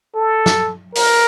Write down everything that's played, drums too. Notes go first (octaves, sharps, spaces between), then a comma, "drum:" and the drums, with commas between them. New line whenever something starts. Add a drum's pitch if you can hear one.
A4
drum: snare
A#4, drum: open hi-hat